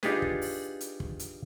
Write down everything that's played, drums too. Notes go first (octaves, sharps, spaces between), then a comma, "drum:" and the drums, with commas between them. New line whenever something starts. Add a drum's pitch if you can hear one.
D4 D#4 F4 G4 G#4 B4, drum: snare
drum: kick
drum: open hi-hat
drum: hi-hat
drum: kick
drum: hi-hat